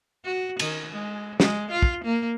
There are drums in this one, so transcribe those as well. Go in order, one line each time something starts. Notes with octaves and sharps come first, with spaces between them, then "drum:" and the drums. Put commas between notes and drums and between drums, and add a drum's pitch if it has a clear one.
F#4
D#3, drum: cymbal
G#3
G#3, drum: snare
F4
drum: kick
A#3